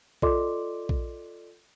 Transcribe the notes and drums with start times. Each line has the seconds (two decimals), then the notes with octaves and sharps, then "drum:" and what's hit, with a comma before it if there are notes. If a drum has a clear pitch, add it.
0.22 F4 A4 D5 D#5 C6 D6, drum: kick A#1
0.89 drum: kick A#1